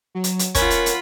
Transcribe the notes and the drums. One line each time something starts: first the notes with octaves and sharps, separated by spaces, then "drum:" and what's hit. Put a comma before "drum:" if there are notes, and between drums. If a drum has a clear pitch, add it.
F#3
drum: hi-hat
drum: hi-hat
C#4 F4 A#4 F#5 B5, drum: kick, hi-hat
drum: hi-hat
drum: hi-hat